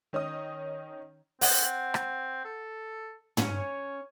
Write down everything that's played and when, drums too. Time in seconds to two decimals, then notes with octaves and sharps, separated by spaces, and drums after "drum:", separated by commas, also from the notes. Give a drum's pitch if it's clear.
0.13 D#3 C#4 D#5 D#6
1.41 C4 F#5, drum: open hi-hat
1.94 drum: rim click
2.45 A4
3.37 C#4, drum: tom
3.58 C#5